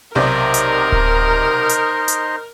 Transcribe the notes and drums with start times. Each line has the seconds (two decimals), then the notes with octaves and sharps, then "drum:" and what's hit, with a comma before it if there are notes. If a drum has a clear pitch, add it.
0.15 B1 C3 D#4 A#4 C5 D5 D#5
0.54 drum: hi-hat
0.92 drum: kick D1
1.69 drum: hi-hat
2.08 drum: hi-hat